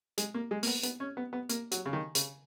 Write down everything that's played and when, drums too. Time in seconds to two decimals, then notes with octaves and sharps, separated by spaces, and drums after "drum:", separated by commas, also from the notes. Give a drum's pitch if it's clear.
0.18 G#3, drum: hi-hat
0.34 A#3
0.51 G#3
0.63 A#3, drum: open hi-hat
0.67 B3
0.83 B3, drum: hi-hat
1.00 C#4
1.17 B3
1.33 B3
1.49 A#3, drum: hi-hat
1.72 F#3, drum: hi-hat
1.86 C#3
1.93 D#3
2.15 C#3, drum: hi-hat